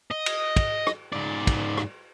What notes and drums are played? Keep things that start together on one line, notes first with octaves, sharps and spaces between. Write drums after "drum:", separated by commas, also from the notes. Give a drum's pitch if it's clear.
D#5
drum: cymbal
drum: kick, cymbal
drum: rim click
G#2 D5
drum: kick, cymbal
drum: rim click